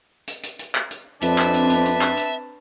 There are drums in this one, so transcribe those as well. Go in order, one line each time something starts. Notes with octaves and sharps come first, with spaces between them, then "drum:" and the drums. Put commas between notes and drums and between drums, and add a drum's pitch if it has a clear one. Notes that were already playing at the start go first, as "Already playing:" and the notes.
drum: hi-hat
drum: hi-hat
drum: hi-hat
drum: clap
drum: hi-hat
F2 C4 D4 B4 E5 A5, drum: hi-hat
drum: clap
drum: hi-hat
drum: hi-hat
drum: hi-hat
drum: clap
drum: hi-hat